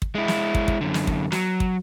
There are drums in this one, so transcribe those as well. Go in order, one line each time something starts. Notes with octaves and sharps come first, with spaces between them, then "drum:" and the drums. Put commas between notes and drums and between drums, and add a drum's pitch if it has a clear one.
drum: kick
G#3 E4
drum: snare
drum: kick
drum: kick
F#2 D3
drum: snare
drum: kick
F#3, drum: snare
drum: kick